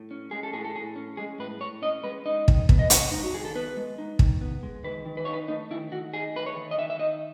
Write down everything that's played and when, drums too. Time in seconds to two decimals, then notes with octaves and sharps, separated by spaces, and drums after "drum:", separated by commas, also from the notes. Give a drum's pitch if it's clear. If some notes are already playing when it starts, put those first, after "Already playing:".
Already playing: A2
0.11 C#4
0.31 G#3 G#4
0.43 A4
0.53 A2 G#4
0.64 A4
0.75 A2 G#4
0.96 C#4
1.17 G#3 G#4
1.39 A2 B4
1.60 A2 C#5
1.82 C#4 D#5
2.04 G#3 B4
2.26 D#4 D#5
2.48 D#3, drum: kick
2.69 B3, drum: kick
2.79 D#5
2.90 G#3 C#5, drum: hi-hat
3.11 D#4
3.23 F#4
3.34 D#3 G#4
3.45 A4
3.55 B3 B4
3.77 G#3
3.98 D#4
4.19 D#3, drum: kick
4.41 B3
4.63 G#3
4.84 D#3 B4
5.06 D#3
5.17 B4
5.25 D#4 C#5
5.33 B4
5.48 A3 D#4
5.71 D#3 E4
5.92 D#3 F#4
6.13 D#4 G#4
6.35 A3 B4
6.46 C#5
6.56 D#3
6.71 D#5
6.78 D#3 E5
6.90 E5
6.99 D#4 D#5